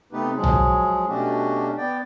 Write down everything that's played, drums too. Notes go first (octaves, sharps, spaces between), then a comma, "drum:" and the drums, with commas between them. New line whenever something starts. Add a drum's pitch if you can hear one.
C3 A3 B3 D#4 G4 B4
F3 F#3 G#3 G#4
drum: tom B1
B2 A3 C#4 D4 F#4 G4
B3 D5 G5